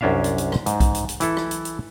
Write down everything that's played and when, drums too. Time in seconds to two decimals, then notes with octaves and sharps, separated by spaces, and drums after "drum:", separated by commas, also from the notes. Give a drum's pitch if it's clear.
0.01 C2 F#2 C#4 D4 E5 F5
0.24 drum: hi-hat
0.38 drum: hi-hat
0.52 drum: rim click
0.66 G#2, drum: hi-hat
0.80 drum: kick B1, hi-hat
0.94 drum: hi-hat
1.09 drum: hi-hat
1.20 E3 E4 A4, drum: hi-hat
1.37 drum: rim click
1.51 drum: hi-hat
1.65 drum: hi-hat